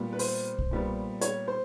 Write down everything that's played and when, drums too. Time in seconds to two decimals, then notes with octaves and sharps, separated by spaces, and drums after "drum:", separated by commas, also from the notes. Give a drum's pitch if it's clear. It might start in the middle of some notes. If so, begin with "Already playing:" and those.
Already playing: A#2 G3 B3
0.13 B4
0.19 C5, drum: open hi-hat
0.58 drum: kick
0.71 A#2 G3 B3
1.21 C#5, drum: hi-hat
1.48 C5